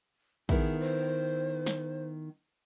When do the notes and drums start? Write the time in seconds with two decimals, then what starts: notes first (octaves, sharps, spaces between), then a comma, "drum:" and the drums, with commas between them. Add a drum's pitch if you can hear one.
0.49 D#3 B3 E4 G#4, drum: kick
0.80 C5
1.66 drum: snare